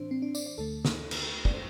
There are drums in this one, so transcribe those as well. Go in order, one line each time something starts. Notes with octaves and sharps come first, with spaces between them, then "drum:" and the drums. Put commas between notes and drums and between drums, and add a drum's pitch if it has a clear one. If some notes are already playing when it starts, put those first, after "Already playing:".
Already playing: A2 E3 C4 D4 C5
C4
D4
D5, drum: tambourine
D5
D2 D3 A3 A4
drum: snare
drum: cymbal
D5, drum: kick
C5